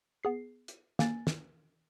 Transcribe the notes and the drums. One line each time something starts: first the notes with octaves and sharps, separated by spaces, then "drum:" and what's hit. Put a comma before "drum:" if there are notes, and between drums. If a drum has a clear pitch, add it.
B3 G#4 C7
drum: hi-hat
A#3 G#5 A6, drum: snare
drum: snare